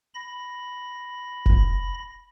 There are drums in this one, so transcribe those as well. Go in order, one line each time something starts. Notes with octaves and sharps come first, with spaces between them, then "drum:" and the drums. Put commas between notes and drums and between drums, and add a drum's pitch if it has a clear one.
B5 A#6
drum: kick F1